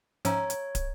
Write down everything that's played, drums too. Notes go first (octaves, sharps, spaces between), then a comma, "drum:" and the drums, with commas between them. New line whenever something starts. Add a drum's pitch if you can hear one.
G#2 F3 C#4 C#5 E5 A#5 E6, drum: hi-hat
drum: hi-hat
drum: kick, hi-hat